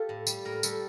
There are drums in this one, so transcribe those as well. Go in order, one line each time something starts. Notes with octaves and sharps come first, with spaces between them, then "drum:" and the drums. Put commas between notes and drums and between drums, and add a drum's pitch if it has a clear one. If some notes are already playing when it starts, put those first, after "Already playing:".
Already playing: F4 G4 A4
A2
G3, drum: tambourine
A2 A#4
G3 A4, drum: tambourine